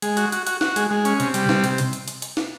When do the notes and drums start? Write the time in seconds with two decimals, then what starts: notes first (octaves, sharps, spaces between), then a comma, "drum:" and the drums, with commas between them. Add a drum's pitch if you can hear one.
0.02 G#3, drum: hi-hat
0.17 F#4, drum: hi-hat
0.32 F#4, drum: hi-hat
0.47 F#4, drum: hi-hat
0.61 F#4, drum: snare
0.76 G#3, drum: hi-hat
0.91 G#3
1.05 C#4, drum: hi-hat
1.20 C3, drum: hi-hat
1.34 G3, drum: hi-hat
1.49 C3, drum: snare
1.64 drum: hi-hat
1.78 drum: hi-hat
1.93 drum: hi-hat
2.08 drum: hi-hat
2.22 drum: hi-hat
2.37 drum: snare